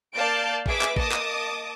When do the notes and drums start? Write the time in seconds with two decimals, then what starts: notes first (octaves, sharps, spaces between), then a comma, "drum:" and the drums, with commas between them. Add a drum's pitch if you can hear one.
0.15 A#3 D5 F5 A5 G6 D7
0.66 G#4 B4 E5 D6, drum: kick
0.81 drum: clap
0.96 A#3 D#5 A5 D6 D#6, drum: kick
1.12 drum: clap